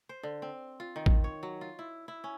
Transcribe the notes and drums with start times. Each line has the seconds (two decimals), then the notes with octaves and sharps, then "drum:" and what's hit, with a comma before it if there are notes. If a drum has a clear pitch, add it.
0.09 C5
0.23 D3
0.42 C4
0.80 F4
0.96 D#3
1.06 drum: kick
1.24 C#5
1.43 F#3
1.61 F4
1.79 E4
2.08 E4
2.24 C#4